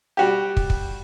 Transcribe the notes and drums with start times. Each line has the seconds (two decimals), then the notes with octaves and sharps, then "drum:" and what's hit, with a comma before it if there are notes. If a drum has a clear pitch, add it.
0.17 G3 F#4 G4
0.57 drum: kick
0.70 drum: kick